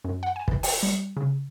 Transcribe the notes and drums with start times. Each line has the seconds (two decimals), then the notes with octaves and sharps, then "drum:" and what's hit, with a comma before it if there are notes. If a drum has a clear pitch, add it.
0.04 F#2
0.23 F#5
0.36 G#5
0.48 E3, drum: kick
0.63 G5, drum: open hi-hat
0.83 G3
1.17 C#3